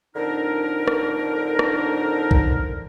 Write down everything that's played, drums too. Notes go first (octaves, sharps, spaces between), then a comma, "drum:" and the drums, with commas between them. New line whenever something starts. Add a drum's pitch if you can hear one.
F2 A2 D3 D4 D#4 A#4
drum: rim click
drum: rim click
drum: kick